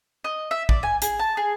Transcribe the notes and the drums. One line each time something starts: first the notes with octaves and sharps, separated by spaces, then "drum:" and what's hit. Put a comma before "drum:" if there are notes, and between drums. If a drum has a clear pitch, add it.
D#5
E5
D5, drum: kick
G#5
G#4, drum: hi-hat
A5
G#4